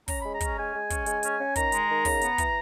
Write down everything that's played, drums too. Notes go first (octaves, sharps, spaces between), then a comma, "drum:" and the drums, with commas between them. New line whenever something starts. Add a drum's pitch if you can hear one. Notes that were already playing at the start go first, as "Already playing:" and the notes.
C#4 A#5, drum: kick, open hi-hat
G#3 B5
A#5
C#4, drum: kick, hi-hat
G#3 G#5
G#3
C#4, drum: kick, hi-hat
G#3, drum: hi-hat
C#4, drum: hi-hat
C#4
D#3 A#5, drum: kick, hi-hat
G#3, drum: hi-hat
D#3
C#3, drum: kick, open hi-hat
B3, drum: hi-hat
E3, drum: kick, hi-hat